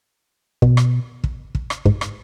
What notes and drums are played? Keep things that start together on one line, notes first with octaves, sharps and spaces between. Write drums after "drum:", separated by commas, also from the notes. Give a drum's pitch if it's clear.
B2, drum: kick
drum: rim click
drum: kick
drum: kick
drum: rim click
G#2, drum: kick
drum: rim click